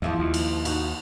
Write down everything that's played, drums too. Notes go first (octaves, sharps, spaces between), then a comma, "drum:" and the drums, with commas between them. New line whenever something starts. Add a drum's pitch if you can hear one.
E2 F3 E4 D#5
D#2
drum: cymbal
D#4 F#4, drum: cymbal